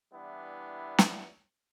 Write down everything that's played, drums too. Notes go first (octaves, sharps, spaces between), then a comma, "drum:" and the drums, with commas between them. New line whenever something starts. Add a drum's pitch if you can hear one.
E3 G3 B3 D4 E4
drum: snare